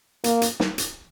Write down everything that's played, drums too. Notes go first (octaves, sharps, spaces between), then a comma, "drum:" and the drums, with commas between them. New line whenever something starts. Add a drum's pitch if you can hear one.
A#3, drum: hi-hat
drum: hi-hat
drum: snare
drum: hi-hat